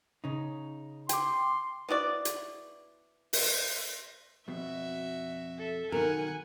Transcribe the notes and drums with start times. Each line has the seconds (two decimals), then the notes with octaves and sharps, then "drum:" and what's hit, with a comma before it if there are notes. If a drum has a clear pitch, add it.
0.24 C#3 D#4
1.09 G5 C6 D6, drum: hi-hat
1.89 B3 E4 F#4 D5
2.25 drum: hi-hat
3.33 drum: open hi-hat
4.48 F2 B2 F#4 E5
5.58 A4 E5
5.92 F#2 B2 D#3 A#4 F#5 G#5